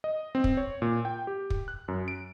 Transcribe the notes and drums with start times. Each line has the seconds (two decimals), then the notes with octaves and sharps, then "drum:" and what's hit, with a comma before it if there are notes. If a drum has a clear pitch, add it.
0.04 D#5
0.35 C4
0.44 drum: kick
0.57 C#5
0.82 A#2
1.05 G5
1.27 G4
1.50 drum: kick
1.68 F#6
1.88 F#2
2.08 D7